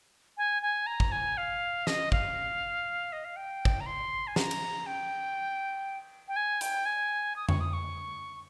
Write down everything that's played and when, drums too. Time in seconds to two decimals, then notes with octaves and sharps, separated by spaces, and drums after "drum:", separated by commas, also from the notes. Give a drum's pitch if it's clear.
0.37 G#5
0.62 G#5
0.87 A#5
1.00 drum: kick
1.12 G#5
1.37 F5
1.87 D#5, drum: snare
2.12 F5, drum: kick
3.13 D#5
3.25 F5
3.36 G5
3.65 drum: kick
3.80 A#5
3.86 C6
4.27 G#5
4.36 A#5, drum: snare
4.51 drum: cymbal
4.86 G5
6.28 G5
6.36 G#5
6.61 G5, drum: hi-hat
6.86 G#5
7.36 D#6
7.49 C#6, drum: tom F2
7.61 D#6
7.73 C#6